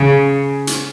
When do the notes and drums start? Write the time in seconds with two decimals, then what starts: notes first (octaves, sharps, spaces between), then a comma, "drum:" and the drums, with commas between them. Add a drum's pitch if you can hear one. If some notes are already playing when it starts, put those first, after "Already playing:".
Already playing: C#3
0.67 drum: hi-hat